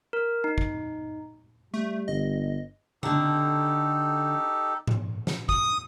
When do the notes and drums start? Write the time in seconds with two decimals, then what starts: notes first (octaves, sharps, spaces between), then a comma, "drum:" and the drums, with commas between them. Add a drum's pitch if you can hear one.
0.13 A#4
0.44 D#4
0.58 drum: kick
1.74 G3 A3
2.08 G1 D#5
3.03 D3 D#4 G4 A4 F#5, drum: tom C#3
4.87 drum: tom G#2
5.27 drum: snare
5.49 D#6, drum: kick